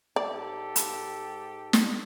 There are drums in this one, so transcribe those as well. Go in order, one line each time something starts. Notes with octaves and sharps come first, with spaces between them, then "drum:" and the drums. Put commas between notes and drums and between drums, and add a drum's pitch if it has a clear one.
G#2 G4 A4 D5
drum: hi-hat
drum: snare